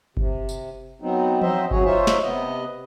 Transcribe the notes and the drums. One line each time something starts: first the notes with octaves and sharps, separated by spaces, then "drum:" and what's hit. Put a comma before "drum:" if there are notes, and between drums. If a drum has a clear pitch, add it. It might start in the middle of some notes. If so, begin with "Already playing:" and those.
C3, drum: kick G1
drum: tambourine
F#3 B3 C4 D#4
F#3 C4 D#4 C5 D#5 E5, drum: tom E3
F#2 C3 F#3 F#4 G#4 C#5, drum: kick G1
D#4 F4 C5 C#5 E5
drum: snare
C3 B3 D#5